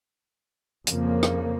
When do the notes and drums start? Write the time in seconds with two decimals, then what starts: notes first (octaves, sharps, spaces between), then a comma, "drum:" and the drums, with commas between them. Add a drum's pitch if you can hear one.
0.87 F2 C#3 F3 A#3, drum: hi-hat
1.23 drum: rim click